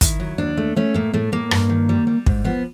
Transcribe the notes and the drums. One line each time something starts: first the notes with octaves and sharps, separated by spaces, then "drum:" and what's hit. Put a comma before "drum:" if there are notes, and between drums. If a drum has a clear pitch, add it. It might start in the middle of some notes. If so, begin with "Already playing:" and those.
D#3 E4, drum: kick, hi-hat
F#3
D#2 D4
A3
A3 C#4
A2 A#3
A2 A3
A2 A#3
G2, drum: rim click
D#3
G3
G3
G#2, drum: kick
F3 B3